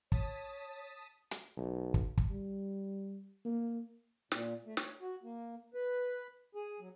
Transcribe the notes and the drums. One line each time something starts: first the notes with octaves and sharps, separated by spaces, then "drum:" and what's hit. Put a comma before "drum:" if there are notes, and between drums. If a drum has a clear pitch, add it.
C#5 A5 D#6 B6, drum: kick
drum: hi-hat
B1
drum: kick
drum: kick
G3
A#3
A#2, drum: snare
A3
C#5, drum: snare
F#4
A#3
B4
G#4
F#3